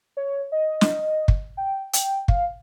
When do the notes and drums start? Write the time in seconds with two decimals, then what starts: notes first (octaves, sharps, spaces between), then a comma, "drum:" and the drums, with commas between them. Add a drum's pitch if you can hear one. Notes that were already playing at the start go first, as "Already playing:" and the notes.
0.17 C#5
0.52 D#5
0.81 drum: snare
1.28 drum: kick
1.57 G5
1.93 G5, drum: hi-hat
2.28 F5, drum: kick